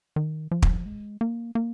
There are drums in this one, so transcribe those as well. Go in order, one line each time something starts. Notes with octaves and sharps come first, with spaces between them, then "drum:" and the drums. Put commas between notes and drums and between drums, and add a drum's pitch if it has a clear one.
D#3
F3
drum: kick
G#3
A#3
A#3